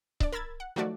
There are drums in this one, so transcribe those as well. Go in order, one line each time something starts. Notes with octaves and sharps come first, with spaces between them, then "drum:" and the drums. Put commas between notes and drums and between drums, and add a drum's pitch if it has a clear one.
D4 D5, drum: kick C#1
A#4 B5 E6 G#6 A6
F#5
D#3 F3 F#3 A3 F#4 D5